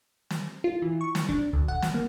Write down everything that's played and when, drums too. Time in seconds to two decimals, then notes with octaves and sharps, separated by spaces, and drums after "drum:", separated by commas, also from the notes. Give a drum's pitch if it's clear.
0.30 drum: snare
0.64 F4
0.82 E3
1.01 C#6
1.15 drum: snare
1.29 D4, drum: kick
1.53 D2
1.68 F#5, drum: kick
1.82 drum: snare
1.94 A#3